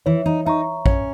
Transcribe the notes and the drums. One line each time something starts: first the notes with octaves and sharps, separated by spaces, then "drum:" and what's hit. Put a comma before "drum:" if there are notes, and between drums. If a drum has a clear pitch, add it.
E3 C#5
D#4
D#4 E5 A#5 C#6
C#4 C#5, drum: kick A#1